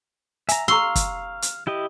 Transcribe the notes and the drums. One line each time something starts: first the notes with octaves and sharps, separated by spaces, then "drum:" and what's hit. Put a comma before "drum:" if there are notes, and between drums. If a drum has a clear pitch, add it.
E5 G#5 A#5, drum: hi-hat
F5 A#5 C6 C#6 E6
drum: kick, hi-hat
drum: hi-hat
E4 G4 D#5